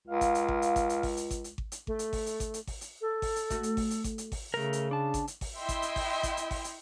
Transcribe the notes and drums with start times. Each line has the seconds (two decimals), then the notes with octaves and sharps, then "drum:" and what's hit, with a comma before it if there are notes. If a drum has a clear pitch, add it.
0.07 C#2 F5
0.21 drum: kick G#1, hi-hat
0.35 drum: hi-hat
0.48 drum: kick G#1
0.62 drum: hi-hat
0.76 drum: kick G#1, hi-hat
0.89 drum: hi-hat
1.03 drum: kick G#1, open hi-hat
1.17 drum: hi-hat
1.31 drum: kick G#1, hi-hat
1.44 drum: hi-hat
1.58 drum: kick G#1
1.72 drum: hi-hat
1.87 A3, drum: kick G#1
1.99 drum: hi-hat
2.13 drum: kick G#1, open hi-hat
2.26 drum: hi-hat
2.40 drum: kick G#1, hi-hat
2.54 drum: hi-hat
2.67 drum: kick G#1, open hi-hat
2.81 drum: hi-hat
3.01 A4
3.22 drum: kick G#1, open hi-hat
3.36 drum: hi-hat
3.50 A3 F#4, drum: kick G#1, hi-hat
3.63 drum: hi-hat
3.77 drum: kick G#1, open hi-hat
3.91 drum: hi-hat
4.04 drum: kick G#1, hi-hat
4.18 drum: hi-hat
4.32 drum: kick G#1, open hi-hat
4.54 C#3 A3 A#4
4.73 drum: hi-hat
4.91 D4 A5
5.14 drum: kick G#1, hi-hat
5.27 drum: hi-hat
5.41 drum: kick G#1, open hi-hat
5.59 E4 D#5 E5 G5 C6
5.69 drum: kick G#1, hi-hat
5.82 drum: hi-hat
5.96 drum: kick G#1, open hi-hat
6.23 drum: kick G#1, hi-hat
6.37 drum: hi-hat
6.51 drum: kick G#1, open hi-hat
6.64 drum: hi-hat